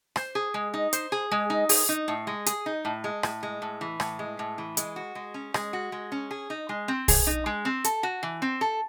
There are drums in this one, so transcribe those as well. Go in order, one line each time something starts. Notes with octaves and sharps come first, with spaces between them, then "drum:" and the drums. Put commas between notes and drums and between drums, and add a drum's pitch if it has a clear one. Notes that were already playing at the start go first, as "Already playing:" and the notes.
C5, drum: rim click
G#4
G#3
D#4
C5, drum: hi-hat
G#4
G#3
D#4
G#4, drum: open hi-hat
D#4
A2
G#3
G#4, drum: hi-hat
D#4
A2
G#3
A2, drum: rim click
G#3
A2
E3
A2, drum: rim click
G#3
A2
E3
G#3, drum: hi-hat
F#4
G#3
C#4
G#3, drum: rim click
F#4
G#3
C#4
G#4
D#4
G#3
C4
G#4, drum: kick, open hi-hat
D#4
G#3
C4
A4, drum: hi-hat
F#4
E3
C4
A4